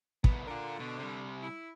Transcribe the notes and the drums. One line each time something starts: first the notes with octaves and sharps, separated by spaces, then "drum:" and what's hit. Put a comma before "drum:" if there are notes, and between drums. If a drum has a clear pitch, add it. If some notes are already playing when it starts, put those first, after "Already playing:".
C2 B3, drum: kick
D3 F4 A#4
B2
C3 G3
E4